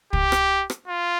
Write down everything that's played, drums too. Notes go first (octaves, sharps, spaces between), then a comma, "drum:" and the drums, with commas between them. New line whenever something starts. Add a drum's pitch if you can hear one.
G4, drum: kick
drum: rim click
drum: rim click
F4